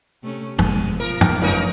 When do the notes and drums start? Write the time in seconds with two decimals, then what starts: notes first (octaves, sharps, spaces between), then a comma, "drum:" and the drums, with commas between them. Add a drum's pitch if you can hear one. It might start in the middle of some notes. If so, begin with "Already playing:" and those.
0.23 C3 A3 C#4
0.59 G1 B2 G#3, drum: tom
1.00 F3 A#4
1.21 drum: tom
1.41 F#1 F3 A3 C#4 D#4 A#4 B4